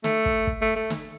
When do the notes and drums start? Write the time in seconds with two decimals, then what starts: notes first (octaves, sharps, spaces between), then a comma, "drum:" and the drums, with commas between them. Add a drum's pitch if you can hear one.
0.04 A3, drum: snare
0.26 drum: kick
0.47 drum: kick
0.62 A3
0.76 A3
0.90 drum: snare